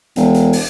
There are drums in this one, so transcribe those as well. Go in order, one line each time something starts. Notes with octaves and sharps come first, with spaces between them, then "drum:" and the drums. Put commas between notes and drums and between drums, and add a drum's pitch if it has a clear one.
E1, drum: hi-hat
drum: hi-hat
drum: open hi-hat